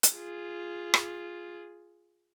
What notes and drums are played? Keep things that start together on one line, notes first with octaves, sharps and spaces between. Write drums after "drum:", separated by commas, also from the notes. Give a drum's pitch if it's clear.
drum: hi-hat
F4 G#4
drum: rim click